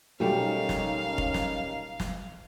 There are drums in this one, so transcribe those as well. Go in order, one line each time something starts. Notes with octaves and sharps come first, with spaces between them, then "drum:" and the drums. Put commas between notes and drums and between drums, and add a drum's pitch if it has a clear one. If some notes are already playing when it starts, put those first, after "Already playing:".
B1 G3 A3 C#4 D#4 G4 A#4 F5
drum: snare
drum: kick F1
drum: snare
drum: snare